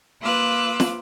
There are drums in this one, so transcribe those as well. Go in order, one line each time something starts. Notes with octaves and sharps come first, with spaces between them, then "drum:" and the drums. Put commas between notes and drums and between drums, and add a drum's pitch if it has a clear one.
A#3 F4 B4 D6 E6 F#6
drum: snare